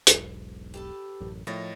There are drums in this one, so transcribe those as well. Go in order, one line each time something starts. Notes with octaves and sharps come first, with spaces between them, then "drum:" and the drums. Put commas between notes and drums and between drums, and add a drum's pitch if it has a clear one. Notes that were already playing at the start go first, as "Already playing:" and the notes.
E1 B1 G#2, drum: hi-hat
G4 A4 B4
A1 F#2
A2 F3 A#4 C#5 D#5 A6 A#6